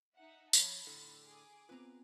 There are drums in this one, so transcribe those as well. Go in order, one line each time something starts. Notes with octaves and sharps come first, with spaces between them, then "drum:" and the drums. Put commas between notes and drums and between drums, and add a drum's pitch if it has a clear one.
D#4 E5 F#5
F3 C#5 A5 B5, drum: tambourine
A2 D3 A4
G#4 D6
B3 C4 F4 B4 A#5